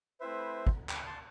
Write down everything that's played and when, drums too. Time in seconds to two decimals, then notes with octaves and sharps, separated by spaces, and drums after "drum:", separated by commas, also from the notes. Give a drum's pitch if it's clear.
0.21 A3 C4 E4 B4 C5 E5
0.67 drum: kick
0.89 G5 B5, drum: clap
1.06 A5 C6